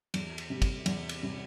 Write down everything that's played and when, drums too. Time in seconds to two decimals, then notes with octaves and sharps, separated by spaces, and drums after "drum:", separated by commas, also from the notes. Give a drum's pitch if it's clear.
0.14 E2, drum: cymbal
0.38 drum: cymbal
0.50 C3 G3
0.62 drum: kick, cymbal
0.86 E2, drum: cymbal
1.09 drum: cymbal
1.21 C3 G3